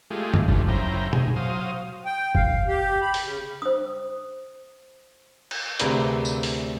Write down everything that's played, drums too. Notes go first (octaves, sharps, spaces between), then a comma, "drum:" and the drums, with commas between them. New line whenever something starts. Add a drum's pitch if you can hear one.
G#3 A3 F4 G4 G#4
drum: tom F#2
A2 D3 F3 G3, drum: kick F#1
F#2 C#3 E4 C5 G5 A#5
G#4, drum: tom B2
F#3 C5 F5 D#6
G5
F5, drum: kick F#1
G4
B5
drum: open hi-hat
C#3
C5 D#6
drum: cymbal
D2 C3 G#4 A#4 B4 D5, drum: hi-hat
drum: tambourine
drum: open hi-hat